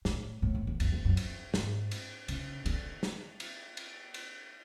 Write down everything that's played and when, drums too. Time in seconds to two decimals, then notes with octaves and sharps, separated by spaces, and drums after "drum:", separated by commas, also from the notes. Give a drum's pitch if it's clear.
0.05 A2, drum: snare
0.42 A2
0.55 F2
0.67 E2
0.80 F2, drum: cymbal
0.92 F2
1.05 F#2
1.17 drum: cymbal
1.54 G#2, drum: snare
1.91 drum: cymbal
2.28 C#3, drum: cymbal
2.66 D3, drum: cymbal
3.03 drum: snare
3.40 drum: cymbal
3.77 drum: cymbal
4.14 drum: cymbal